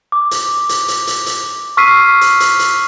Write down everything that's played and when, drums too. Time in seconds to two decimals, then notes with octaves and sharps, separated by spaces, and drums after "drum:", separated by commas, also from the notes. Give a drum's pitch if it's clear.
0.12 D6
0.31 drum: hi-hat
0.69 drum: hi-hat
0.88 drum: hi-hat
1.07 drum: hi-hat
1.26 drum: hi-hat
1.77 C#6 E6 F6 B6 C7 D#7
2.21 drum: hi-hat
2.40 drum: hi-hat
2.59 drum: hi-hat